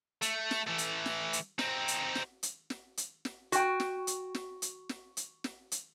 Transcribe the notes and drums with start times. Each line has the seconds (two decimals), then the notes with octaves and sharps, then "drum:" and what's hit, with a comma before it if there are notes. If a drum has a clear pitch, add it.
0.22 A3, drum: hi-hat
0.51 drum: snare
0.67 E3 A3
0.78 drum: hi-hat
1.06 drum: snare
1.33 drum: hi-hat
1.59 C4 D#4, drum: snare
1.88 drum: hi-hat
2.15 drum: snare
2.43 drum: hi-hat
2.70 drum: snare
2.97 drum: hi-hat
3.25 drum: snare
3.52 F#4 G5, drum: hi-hat
3.80 drum: snare
4.07 drum: hi-hat
4.35 drum: snare
4.62 drum: hi-hat
4.89 drum: snare
5.17 drum: hi-hat
5.44 drum: snare
5.72 drum: hi-hat